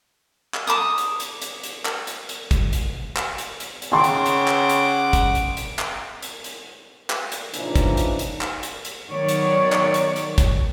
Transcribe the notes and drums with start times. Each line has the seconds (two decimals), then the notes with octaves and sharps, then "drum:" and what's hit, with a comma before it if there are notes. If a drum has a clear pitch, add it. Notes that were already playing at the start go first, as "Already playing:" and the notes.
0.54 drum: clap
0.67 A5 B5 D6 D#6
0.98 drum: hi-hat
1.20 drum: hi-hat
1.42 drum: hi-hat
1.63 drum: hi-hat
1.85 drum: clap
2.07 drum: hi-hat
2.29 drum: hi-hat
2.51 drum: kick, hi-hat
2.73 drum: hi-hat
3.16 drum: clap
3.38 drum: hi-hat
3.60 drum: hi-hat
3.82 drum: hi-hat
3.92 C#3 F#5 G5 C6 D6
4.04 drum: hi-hat
4.26 drum: hi-hat
4.48 drum: clap
4.69 drum: hi-hat
5.13 drum: kick, hi-hat
5.35 drum: hi-hat
5.57 drum: hi-hat
5.79 drum: clap
6.22 drum: hi-hat
6.44 drum: hi-hat
7.10 drum: clap
7.32 drum: hi-hat
7.54 A#2 C#3 E3 F3 D4 D#4, drum: hi-hat
7.75 drum: kick, hi-hat
7.97 drum: hi-hat
8.19 drum: hi-hat
8.41 drum: clap
8.63 drum: hi-hat
8.85 drum: hi-hat
9.10 D#3 F#3 B3 C#5 D5
9.29 drum: hi-hat
9.72 drum: clap
9.94 drum: hi-hat
10.16 drum: hi-hat
10.38 drum: kick, hi-hat